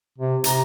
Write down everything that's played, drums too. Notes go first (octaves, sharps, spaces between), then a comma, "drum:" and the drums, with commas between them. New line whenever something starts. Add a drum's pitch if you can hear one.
C3
C3 A#5, drum: hi-hat